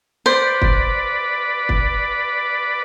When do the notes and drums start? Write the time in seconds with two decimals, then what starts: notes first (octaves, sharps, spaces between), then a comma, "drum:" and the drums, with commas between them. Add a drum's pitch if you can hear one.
0.26 B4 C5 D5
0.62 drum: kick
1.69 drum: kick